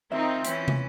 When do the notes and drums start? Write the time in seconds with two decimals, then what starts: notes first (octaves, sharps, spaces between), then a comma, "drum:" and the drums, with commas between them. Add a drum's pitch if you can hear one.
0.12 D#3 C4 D#4 F4 E5
0.45 E3 C#4, drum: hi-hat
0.68 drum: tom